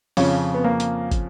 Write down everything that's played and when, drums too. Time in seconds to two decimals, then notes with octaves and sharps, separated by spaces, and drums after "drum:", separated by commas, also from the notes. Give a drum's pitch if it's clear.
0.17 F2 C#3 F3 C#4, drum: open hi-hat
0.54 B3
0.64 A#3
0.80 drum: hi-hat
1.11 drum: kick, hi-hat